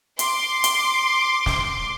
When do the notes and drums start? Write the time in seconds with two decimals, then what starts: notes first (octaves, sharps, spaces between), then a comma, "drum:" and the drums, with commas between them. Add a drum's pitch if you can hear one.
0.19 C6 D6, drum: hi-hat
0.64 drum: hi-hat
1.46 drum: snare